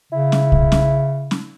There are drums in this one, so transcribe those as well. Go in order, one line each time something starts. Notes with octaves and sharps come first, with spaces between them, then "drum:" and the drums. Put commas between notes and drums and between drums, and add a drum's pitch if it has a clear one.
C#3 E4
drum: snare
drum: kick
drum: snare
drum: snare